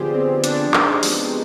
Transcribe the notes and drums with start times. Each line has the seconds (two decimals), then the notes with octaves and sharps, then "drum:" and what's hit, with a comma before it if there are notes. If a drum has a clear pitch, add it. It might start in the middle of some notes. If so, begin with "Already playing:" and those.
Already playing: D3 F3 B3 F4 G4 G#4 C5 D5
0.14 C4
0.44 D4, drum: hi-hat
0.74 D#4, drum: clap
1.03 F3 G#3 B3, drum: open hi-hat